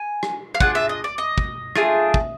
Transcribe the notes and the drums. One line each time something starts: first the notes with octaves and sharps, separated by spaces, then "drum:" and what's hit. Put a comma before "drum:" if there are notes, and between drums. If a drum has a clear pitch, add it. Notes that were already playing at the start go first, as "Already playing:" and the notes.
Already playing: G#5
drum: rim click
F5
D4 F4 G#4 F#5, drum: kick
E5
D#5
D5
D#5
drum: kick
A3 D4 F4 G#4, drum: rim click
drum: kick